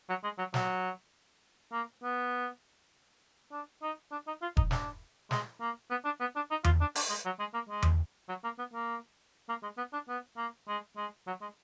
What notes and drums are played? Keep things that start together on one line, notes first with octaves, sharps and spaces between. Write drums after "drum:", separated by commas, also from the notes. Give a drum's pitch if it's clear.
F#3
G#3
F#3
F#3, drum: snare
A#3
B3
D4
D#4
D4
D#4
F4
D#4, drum: kick E1
D4, drum: snare
G#3, drum: snare
A#3
B3
D4
B3
D4
D#4
F4, drum: tom E2
D4
D4, drum: open hi-hat
G#3
F#3
G#3
A#3
G#3
drum: tom E2
F#3
A#3
B3
A#3
A#3
G#3
B3
D4
B3
A#3
G#3
G#3
F#3
G#3